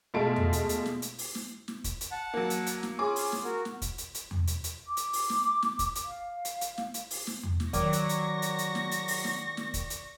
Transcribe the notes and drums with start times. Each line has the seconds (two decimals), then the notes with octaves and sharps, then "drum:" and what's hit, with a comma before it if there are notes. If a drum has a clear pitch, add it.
0.14 B2 G#3 A3 F4 A5 D7
0.36 drum: tom E2
0.53 drum: hi-hat
0.69 drum: hi-hat
0.86 drum: snare
1.02 drum: hi-hat
1.18 drum: open hi-hat
1.35 drum: snare
1.68 drum: snare
1.84 drum: kick, hi-hat
2.01 drum: hi-hat
2.11 F#5 A5
2.34 F#3 A#3
2.50 drum: hi-hat
2.66 drum: hi-hat
2.83 drum: snare
2.99 C#4 F4 G#4 D6
3.16 drum: open hi-hat
3.32 drum: snare
3.44 F#4 A#4
3.65 drum: snare
3.82 drum: kick, hi-hat
3.98 drum: hi-hat
4.14 drum: hi-hat
4.31 drum: tom E2
4.47 drum: hi-hat
4.64 drum: hi-hat
4.88 D6
4.97 drum: hi-hat
5.13 drum: open hi-hat
5.30 drum: snare
5.62 drum: snare
5.79 drum: kick, hi-hat
5.95 drum: hi-hat
6.05 F5
6.45 drum: hi-hat
6.61 drum: hi-hat
6.78 drum: snare
6.94 drum: hi-hat
7.10 drum: open hi-hat
7.27 drum: snare
7.43 drum: tom E2
7.60 drum: snare
7.73 D#3 F#3 D5 C#6 D6 A#6, drum: kick, hi-hat
7.93 drum: hi-hat
8.09 drum: hi-hat
8.42 drum: hi-hat
8.58 drum: hi-hat
8.75 drum: snare
8.91 drum: hi-hat
9.08 drum: open hi-hat
9.24 drum: snare
9.57 drum: snare
9.74 drum: kick, hi-hat
9.90 drum: hi-hat